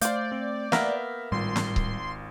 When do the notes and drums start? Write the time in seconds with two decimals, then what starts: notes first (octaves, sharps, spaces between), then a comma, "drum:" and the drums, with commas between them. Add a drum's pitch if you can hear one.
0.02 A3 C5 D5 F5 G6, drum: hi-hat
0.32 C4
0.72 A#3 B3 E5 F6 A#6, drum: snare
1.32 G#1 A2 G3 F4 C6
1.56 drum: snare
1.76 drum: kick C#1